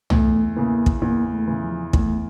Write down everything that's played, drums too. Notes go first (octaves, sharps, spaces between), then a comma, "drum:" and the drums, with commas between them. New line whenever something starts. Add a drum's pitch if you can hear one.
E2 A3, drum: tom C2
C#3 E3 A#3
drum: kick
E2 A#3
A3
C#3 E3
F3
E2 A3, drum: kick